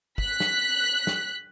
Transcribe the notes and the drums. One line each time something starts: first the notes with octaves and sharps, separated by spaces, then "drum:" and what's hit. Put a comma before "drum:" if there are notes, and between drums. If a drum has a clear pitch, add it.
F#6 B6, drum: kick
drum: snare
drum: snare